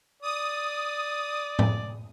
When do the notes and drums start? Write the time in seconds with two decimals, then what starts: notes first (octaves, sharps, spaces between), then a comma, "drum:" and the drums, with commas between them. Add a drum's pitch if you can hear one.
0.22 D5 D#6
1.59 drum: tom A2